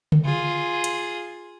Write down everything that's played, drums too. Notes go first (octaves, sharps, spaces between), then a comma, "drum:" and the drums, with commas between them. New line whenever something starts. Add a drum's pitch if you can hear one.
drum: tom C#3
F4 G#4
drum: hi-hat